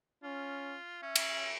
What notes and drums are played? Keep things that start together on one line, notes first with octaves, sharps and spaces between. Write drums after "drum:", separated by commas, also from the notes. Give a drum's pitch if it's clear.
C#4 F4
C#4 E5
drum: cymbal